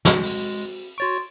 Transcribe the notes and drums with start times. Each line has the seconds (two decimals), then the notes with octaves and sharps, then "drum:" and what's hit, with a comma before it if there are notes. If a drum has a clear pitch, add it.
0.05 G#3 C4 F#4, drum: snare
0.23 drum: open hi-hat
0.98 F#4 C#5 C6 C#6 A6 D7